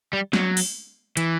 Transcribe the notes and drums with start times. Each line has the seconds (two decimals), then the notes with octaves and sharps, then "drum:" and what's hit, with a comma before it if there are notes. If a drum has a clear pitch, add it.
0.13 G3
0.33 F#3, drum: snare
0.57 drum: open hi-hat
1.17 E3, drum: hi-hat